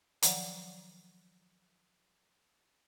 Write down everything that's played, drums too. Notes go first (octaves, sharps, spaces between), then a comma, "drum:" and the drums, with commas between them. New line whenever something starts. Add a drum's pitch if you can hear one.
D#3 F3 F#3 D5 F#5 G5, drum: hi-hat